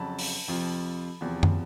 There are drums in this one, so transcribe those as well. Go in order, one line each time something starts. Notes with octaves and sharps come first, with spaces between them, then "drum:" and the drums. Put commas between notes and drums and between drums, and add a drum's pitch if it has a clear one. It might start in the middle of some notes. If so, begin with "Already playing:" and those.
Already playing: F2 C#3 F#3 A5 B5
drum: open hi-hat
F2 C3 F3
E2 C3 F3
drum: tom